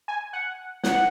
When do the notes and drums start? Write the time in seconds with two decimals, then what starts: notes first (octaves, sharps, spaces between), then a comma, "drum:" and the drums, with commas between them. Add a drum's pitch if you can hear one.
0.08 G#5
0.33 F#5
0.83 F#5, drum: snare